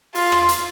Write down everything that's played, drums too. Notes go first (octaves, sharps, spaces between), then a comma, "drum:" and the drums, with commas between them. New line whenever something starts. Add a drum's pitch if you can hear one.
F4, drum: open hi-hat
drum: rim click
drum: hi-hat